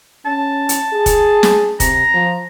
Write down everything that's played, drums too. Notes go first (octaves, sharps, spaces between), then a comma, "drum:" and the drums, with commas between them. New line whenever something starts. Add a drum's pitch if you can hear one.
C#4 A5
drum: hi-hat
G#4
drum: kick F1, hi-hat
drum: snare
C3 A#5, drum: kick F1, hi-hat
F3